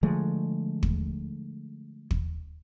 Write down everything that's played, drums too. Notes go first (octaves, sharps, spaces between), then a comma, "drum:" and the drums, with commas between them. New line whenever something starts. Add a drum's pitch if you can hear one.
D3 F3 G#3 A3
drum: kick
drum: kick